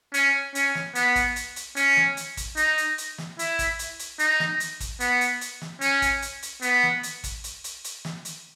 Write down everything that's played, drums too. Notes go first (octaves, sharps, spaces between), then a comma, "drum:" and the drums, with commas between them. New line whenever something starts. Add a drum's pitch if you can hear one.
C#4, drum: hi-hat
C#4, drum: hi-hat
drum: snare
B3, drum: hi-hat
drum: kick, hi-hat
drum: hi-hat
drum: hi-hat
C#4, drum: hi-hat
drum: snare
drum: hi-hat
drum: kick, hi-hat
D#4, drum: hi-hat
drum: hi-hat
drum: hi-hat
drum: snare
E4, drum: hi-hat
drum: kick, hi-hat
drum: hi-hat
drum: hi-hat
D#4, drum: hi-hat
drum: snare
drum: hi-hat
drum: kick, hi-hat
B3, drum: hi-hat
drum: hi-hat
drum: hi-hat
drum: snare
C#4, drum: hi-hat
drum: kick, hi-hat
drum: hi-hat
drum: hi-hat
B3, drum: hi-hat
drum: snare
drum: hi-hat
drum: kick, hi-hat
drum: hi-hat
drum: hi-hat
drum: hi-hat
drum: snare
drum: hi-hat